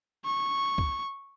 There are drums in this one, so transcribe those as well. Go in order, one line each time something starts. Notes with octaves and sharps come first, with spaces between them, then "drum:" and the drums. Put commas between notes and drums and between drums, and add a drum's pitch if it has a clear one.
C#6
drum: kick